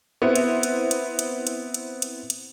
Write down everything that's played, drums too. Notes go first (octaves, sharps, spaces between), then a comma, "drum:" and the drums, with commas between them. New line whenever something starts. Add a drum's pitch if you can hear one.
B3 C4 E4
drum: hi-hat
drum: hi-hat
drum: hi-hat
drum: hi-hat
drum: hi-hat
drum: hi-hat
drum: hi-hat
drum: hi-hat